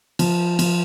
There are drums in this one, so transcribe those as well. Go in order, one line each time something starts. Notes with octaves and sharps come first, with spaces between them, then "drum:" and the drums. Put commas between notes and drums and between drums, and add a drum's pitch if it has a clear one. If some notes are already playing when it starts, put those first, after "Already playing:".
F3, drum: cymbal
F3, drum: cymbal